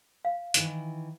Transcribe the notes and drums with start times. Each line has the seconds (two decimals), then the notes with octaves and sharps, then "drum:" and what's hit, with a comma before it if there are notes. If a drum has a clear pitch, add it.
0.25 F5
0.54 D#3 E3, drum: hi-hat